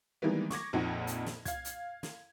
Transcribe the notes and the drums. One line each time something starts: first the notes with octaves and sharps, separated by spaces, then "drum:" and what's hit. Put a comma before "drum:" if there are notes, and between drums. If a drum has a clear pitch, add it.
D#3 E3 G3 G#3 A#3 B3
C#6 D6 G#6 A#6, drum: snare
A#1 F2 A#2 D#4 F#5
drum: hi-hat
drum: snare
F5 G#6, drum: kick, hi-hat
drum: hi-hat
drum: snare